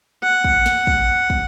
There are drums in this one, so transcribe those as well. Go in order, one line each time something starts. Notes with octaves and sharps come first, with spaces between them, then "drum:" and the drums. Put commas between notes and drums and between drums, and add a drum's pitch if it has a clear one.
F#5
drum: kick
drum: snare
drum: kick
drum: kick